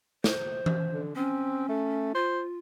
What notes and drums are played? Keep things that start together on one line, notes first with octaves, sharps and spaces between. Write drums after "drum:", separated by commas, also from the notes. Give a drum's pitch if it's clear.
C5, drum: snare
drum: tom E3
D3
C4 C#4
A3
F4 C5